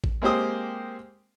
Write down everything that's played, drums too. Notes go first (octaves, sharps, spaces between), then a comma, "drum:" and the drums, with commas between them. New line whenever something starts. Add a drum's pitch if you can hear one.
drum: kick A1
G#3 A#3 C4 G4 C5 D#6